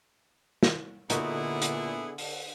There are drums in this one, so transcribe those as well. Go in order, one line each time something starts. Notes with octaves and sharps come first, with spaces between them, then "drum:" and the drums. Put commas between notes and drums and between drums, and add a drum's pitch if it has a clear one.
drum: snare
A#2 D3 B3 D#4 E4 F#4 G#4, drum: hi-hat
drum: hi-hat
drum: open hi-hat